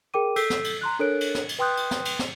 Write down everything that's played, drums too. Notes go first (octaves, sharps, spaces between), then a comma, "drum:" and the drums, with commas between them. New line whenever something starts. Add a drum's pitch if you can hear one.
G#4 A#4 G5 D6 D#7
A4 E6 G6 B6 C7, drum: cymbal
drum: snare
drum: cymbal
A#5 C6 F#6
D4 A4 A#4 C#5 F#6 D7
drum: cymbal
drum: snare
drum: cymbal
B4 G5 C6 D#6 F#6 G6
drum: cymbal
drum: snare
drum: cymbal
drum: snare